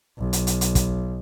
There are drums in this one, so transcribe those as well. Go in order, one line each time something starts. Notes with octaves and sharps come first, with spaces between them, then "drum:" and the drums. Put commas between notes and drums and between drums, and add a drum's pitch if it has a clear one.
B1
drum: hi-hat
drum: hi-hat
drum: hi-hat
drum: kick, hi-hat